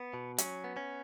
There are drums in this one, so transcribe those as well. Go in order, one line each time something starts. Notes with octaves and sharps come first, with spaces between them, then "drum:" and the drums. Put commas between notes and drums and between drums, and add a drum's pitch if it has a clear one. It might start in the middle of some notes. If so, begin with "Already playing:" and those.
Already playing: B3
B2
F#3 C#4, drum: hi-hat
B3
C#4